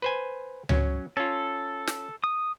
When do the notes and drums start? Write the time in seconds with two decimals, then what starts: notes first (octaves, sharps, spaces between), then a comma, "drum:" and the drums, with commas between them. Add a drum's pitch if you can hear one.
0.02 B4 C5 G#5
0.69 F#3 C#4, drum: tom C#2
1.17 C#4 F4 A4
1.87 drum: snare
2.24 D#6